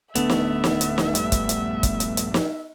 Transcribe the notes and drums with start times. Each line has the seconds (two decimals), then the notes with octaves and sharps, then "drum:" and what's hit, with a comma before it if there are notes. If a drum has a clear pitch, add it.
0.15 D1 D3 A3 B3 D4 E5, drum: hi-hat
0.30 drum: snare
0.64 drum: snare
0.81 drum: hi-hat
0.98 drum: snare
1.15 A#1 G2 G3, drum: hi-hat
1.32 drum: kick, hi-hat
1.49 drum: hi-hat
1.83 drum: kick, hi-hat
2.00 drum: hi-hat
2.17 drum: hi-hat
2.34 drum: snare